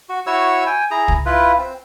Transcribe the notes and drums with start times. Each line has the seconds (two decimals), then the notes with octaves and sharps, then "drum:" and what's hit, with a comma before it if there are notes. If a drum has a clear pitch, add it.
0.09 F#4
0.27 E4 F#4 C#5 E6
0.67 G5 G#5
0.91 E4 G#4 A#5
1.08 drum: kick
1.26 E4 F4 B4
1.58 C4